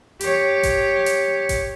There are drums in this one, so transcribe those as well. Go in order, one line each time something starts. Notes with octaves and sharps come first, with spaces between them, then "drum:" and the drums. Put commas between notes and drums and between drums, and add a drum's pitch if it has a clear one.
G4 C#5, drum: hi-hat
drum: kick G1, hi-hat
drum: hi-hat
drum: kick G1, hi-hat